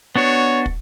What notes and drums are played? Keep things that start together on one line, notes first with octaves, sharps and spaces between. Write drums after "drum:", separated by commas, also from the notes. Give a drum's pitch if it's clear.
B3 D4 F#4 C#5
drum: kick